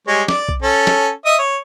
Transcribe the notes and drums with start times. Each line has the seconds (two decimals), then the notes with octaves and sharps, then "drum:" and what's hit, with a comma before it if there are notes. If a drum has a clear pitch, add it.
0.07 G3 G#3 C#5
0.28 D5 D6, drum: snare
0.49 drum: kick B1
0.62 C#4 A4
0.87 drum: snare
1.26 D#5 E5 D#6
1.39 C#5